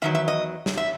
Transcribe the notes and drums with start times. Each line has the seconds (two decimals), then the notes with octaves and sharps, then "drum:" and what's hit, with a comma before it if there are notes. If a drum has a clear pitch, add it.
0.02 E2 D#3 F#3 E5
0.15 E5
0.28 D#5
0.66 drum: snare
0.77 E5